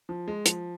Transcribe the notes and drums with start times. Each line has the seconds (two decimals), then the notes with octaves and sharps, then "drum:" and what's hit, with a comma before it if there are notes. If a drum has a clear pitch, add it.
0.09 F3
0.28 G#3
0.46 F3, drum: hi-hat